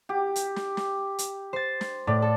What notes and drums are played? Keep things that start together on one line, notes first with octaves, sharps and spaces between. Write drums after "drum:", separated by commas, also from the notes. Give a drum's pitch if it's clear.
G4
drum: hi-hat
drum: snare
drum: snare
drum: hi-hat
C5 A6
drum: snare
A2 D5
A4